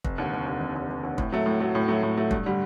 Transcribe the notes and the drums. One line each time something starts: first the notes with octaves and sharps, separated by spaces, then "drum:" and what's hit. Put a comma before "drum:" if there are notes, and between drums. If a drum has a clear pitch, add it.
F1, drum: kick
D#2 D3
F1
D#2 D3
F1
D#2 D3
F1
D#2 D3
A2, drum: kick
F#3 A3
A2
F#3 A3
A2
F#3 A3
A2
F#3 A3
G2, drum: kick
D3 G3